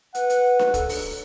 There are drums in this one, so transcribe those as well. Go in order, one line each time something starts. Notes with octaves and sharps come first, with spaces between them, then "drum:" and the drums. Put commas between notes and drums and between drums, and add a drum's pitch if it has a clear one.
B4 F#5, drum: hi-hat
drum: hi-hat
drum: snare D4
A4, drum: kick, hi-hat
drum: open hi-hat